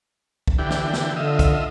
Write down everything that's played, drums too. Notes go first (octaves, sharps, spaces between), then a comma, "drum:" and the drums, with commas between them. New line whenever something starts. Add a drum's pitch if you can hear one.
drum: kick
D3 E3 G4
drum: snare
drum: snare
D3 F4 D#5 E5
drum: kick, hi-hat